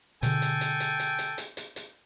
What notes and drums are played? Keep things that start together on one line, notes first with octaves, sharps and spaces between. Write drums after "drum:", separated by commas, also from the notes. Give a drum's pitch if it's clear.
B2 D3 A4 G5 G#5, drum: hi-hat
drum: hi-hat
drum: hi-hat
drum: hi-hat
drum: hi-hat
drum: hi-hat
drum: hi-hat
drum: hi-hat
drum: hi-hat